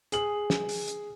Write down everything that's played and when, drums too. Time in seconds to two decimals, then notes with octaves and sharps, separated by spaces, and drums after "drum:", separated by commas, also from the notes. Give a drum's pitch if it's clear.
0.12 G#4 F#7, drum: hi-hat
0.50 drum: snare
0.69 drum: open hi-hat
0.88 drum: hi-hat